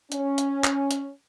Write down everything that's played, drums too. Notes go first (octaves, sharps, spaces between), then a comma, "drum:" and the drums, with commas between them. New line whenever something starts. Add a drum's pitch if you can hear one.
C#4, drum: hi-hat
drum: hi-hat
drum: clap
drum: hi-hat